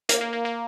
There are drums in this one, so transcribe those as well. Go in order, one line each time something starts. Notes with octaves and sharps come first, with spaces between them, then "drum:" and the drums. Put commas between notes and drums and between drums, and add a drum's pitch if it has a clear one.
A#3, drum: hi-hat
A#3
A#3
A#3